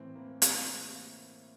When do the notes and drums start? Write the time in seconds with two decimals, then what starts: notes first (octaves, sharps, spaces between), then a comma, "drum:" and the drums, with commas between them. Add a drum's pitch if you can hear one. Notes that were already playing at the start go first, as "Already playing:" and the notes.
Already playing: A2 E3 C4
0.16 A#3
0.42 drum: hi-hat